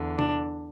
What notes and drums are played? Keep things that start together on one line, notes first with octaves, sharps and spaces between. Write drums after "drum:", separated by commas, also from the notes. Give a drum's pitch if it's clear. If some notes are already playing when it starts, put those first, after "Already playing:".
Already playing: E2 D3
D4, drum: tom C3